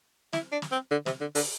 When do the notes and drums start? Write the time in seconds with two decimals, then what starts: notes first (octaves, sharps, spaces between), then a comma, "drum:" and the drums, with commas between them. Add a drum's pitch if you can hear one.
0.33 E4, drum: snare
0.52 D4
0.62 drum: snare
0.72 C4
0.91 D3
1.06 C3, drum: snare
1.21 D3
1.35 D3, drum: open hi-hat